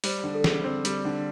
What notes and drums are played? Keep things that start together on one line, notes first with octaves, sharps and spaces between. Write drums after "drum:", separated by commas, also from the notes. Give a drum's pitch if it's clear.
G3 C5, drum: open hi-hat
D3
A4
D3 G#4, drum: snare
C4
G3, drum: hi-hat
D3